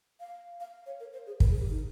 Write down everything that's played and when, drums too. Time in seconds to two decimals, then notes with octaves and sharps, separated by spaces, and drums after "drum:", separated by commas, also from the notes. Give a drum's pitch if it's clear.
0.20 F5
0.60 F5
0.86 C#5
1.00 A#4
1.13 C5
1.27 G#4
1.40 A#4, drum: kick
1.50 G#4
1.61 G4
1.70 D#4